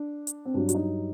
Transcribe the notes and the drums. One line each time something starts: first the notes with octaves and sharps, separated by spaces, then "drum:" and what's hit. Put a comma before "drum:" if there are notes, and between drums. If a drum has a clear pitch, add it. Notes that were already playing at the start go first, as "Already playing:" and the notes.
Already playing: D4
drum: hi-hat
C4
G2 F#3 D4
F#4, drum: hi-hat
D#4